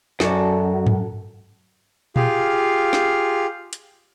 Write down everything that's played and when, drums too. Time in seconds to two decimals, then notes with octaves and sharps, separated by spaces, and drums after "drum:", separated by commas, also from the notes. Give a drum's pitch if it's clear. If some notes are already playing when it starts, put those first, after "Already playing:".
0.20 F#2 F#4 A4 D5, drum: snare
0.87 drum: tom G2
2.16 F4 G4 G#4 F5, drum: tom A#2
2.93 drum: snare
3.73 drum: hi-hat